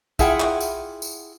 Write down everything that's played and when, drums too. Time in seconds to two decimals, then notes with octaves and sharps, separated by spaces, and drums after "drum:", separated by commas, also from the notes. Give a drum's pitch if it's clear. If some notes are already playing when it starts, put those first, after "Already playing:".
0.19 E4 F4 G#4 F#5 G5, drum: kick, tambourine
0.40 drum: clap
0.61 drum: tambourine
1.02 drum: tambourine